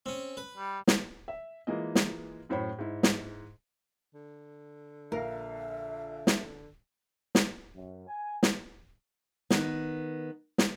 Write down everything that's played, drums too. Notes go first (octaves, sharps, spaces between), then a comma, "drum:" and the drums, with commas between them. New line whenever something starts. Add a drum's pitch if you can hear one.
C4 C#4
B4
G3
drum: snare
E5
E3 G#3 A#3 F4 D#5
drum: snare
F#2 A2 C5 C#5 B5
G#2 E4
drum: snare
D3
A#1 A#4 E5 F5
drum: snare
drum: snare
F#2
G#5
drum: snare
D#3 B3, drum: snare
drum: snare